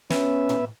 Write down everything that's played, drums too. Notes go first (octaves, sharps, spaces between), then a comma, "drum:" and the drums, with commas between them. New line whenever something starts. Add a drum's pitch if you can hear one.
B3 C#4 B4 E5, drum: snare
drum: tom